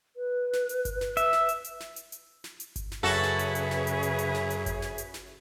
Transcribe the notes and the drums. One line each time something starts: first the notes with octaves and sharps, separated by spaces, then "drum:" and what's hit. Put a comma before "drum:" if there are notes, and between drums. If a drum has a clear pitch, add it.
B4
drum: snare
drum: hi-hat
drum: kick G1, hi-hat
drum: snare
E5, drum: hi-hat
drum: snare
drum: hi-hat
drum: hi-hat
drum: snare
drum: hi-hat
drum: hi-hat
drum: snare
drum: hi-hat
drum: kick G1, hi-hat
drum: snare
F#2 C#3 F#4 G#4 A4 B4 C#5 E5
drum: snare
drum: hi-hat
drum: hi-hat
drum: snare
drum: hi-hat
drum: hi-hat
drum: hi-hat
drum: snare
drum: hi-hat
drum: kick G1, hi-hat
drum: snare
drum: hi-hat
drum: snare